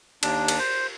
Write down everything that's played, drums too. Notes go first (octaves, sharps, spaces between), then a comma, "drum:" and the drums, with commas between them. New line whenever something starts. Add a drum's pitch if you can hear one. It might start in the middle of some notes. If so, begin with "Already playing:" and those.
D#2 D4, drum: cymbal
drum: cymbal
C5